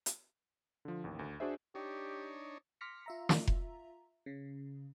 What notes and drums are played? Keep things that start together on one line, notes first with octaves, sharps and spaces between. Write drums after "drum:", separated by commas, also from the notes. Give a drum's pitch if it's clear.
drum: hi-hat
D3 F3
A1 D#2
D2
D4 F#4 G#4 C5 E5
D4 D#4 G4 C#5
C6 D6 F6 A#6 B6 C#7
F4 E5 A#5
drum: snare
drum: kick F1
C#3